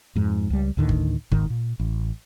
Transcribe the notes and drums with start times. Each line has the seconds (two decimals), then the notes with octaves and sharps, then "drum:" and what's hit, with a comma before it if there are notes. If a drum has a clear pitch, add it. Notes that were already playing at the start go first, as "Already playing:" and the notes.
0.16 F2 G#2
0.50 C#2 G3
0.77 D2 A2 D3 D#3
0.89 drum: kick G1
1.32 E1 G#2 D#3, drum: kick G1
1.50 A#2
1.80 A1